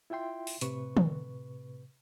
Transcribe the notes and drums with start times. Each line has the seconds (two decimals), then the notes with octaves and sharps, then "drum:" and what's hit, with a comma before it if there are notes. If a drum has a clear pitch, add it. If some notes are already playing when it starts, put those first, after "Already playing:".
0.10 E4 F4 E5 G5 C6
0.47 drum: open hi-hat
0.61 A2 C3 B4 C#6, drum: hi-hat
0.97 drum: tom